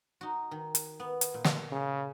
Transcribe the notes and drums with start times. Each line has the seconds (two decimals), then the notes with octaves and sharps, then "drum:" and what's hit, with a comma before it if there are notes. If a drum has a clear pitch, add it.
0.21 D#4 F#4
0.51 D#3
0.75 drum: hi-hat
1.00 B3
1.21 drum: hi-hat
1.34 A#2
1.45 drum: snare
1.72 C#3